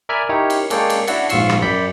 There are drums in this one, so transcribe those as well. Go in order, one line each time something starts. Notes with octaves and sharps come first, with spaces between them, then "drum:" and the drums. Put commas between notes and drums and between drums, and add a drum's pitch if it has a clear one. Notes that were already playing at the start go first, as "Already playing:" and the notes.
A#4 D5 E5 G#5 B5 F6
D#4 E4 G4 A#4 C#5
drum: cymbal
G#3 A#3 A4 C#5 D5 G5, drum: cymbal
drum: cymbal
D4 E4 F#4 F#5 A5, drum: cymbal
A#1 G#2 F4 C#6 E6 C7, drum: cymbal
drum: rim click
F#2 D5 B5 G6 B6